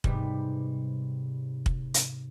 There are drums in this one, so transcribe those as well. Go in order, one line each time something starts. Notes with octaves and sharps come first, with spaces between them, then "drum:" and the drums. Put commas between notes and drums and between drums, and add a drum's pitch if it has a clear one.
G#2 C3 G3 B3, drum: kick
drum: kick
drum: hi-hat